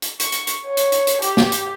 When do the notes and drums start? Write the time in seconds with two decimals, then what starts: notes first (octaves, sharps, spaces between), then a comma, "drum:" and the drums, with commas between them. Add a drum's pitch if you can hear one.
0.02 drum: hi-hat
0.20 C#6, drum: hi-hat
0.32 drum: hi-hat
0.47 drum: hi-hat
0.66 C#5
0.77 drum: hi-hat
0.92 drum: hi-hat
1.07 drum: hi-hat
1.22 G4, drum: hi-hat
1.37 drum: snare
1.52 drum: hi-hat